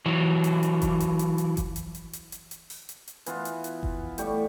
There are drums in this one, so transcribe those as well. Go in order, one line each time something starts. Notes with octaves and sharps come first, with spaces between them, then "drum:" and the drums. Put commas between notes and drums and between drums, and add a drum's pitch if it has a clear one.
E3 F#3
drum: hi-hat
drum: hi-hat
drum: kick F#1, hi-hat
drum: hi-hat
drum: hi-hat
drum: hi-hat
drum: kick F#1, hi-hat
drum: hi-hat
drum: hi-hat
drum: hi-hat
drum: hi-hat
drum: hi-hat
drum: open hi-hat
drum: hi-hat
drum: hi-hat
E3 B3 F4, drum: hi-hat
drum: hi-hat
drum: hi-hat
drum: kick F#1
A2 G3 G4 C#6, drum: hi-hat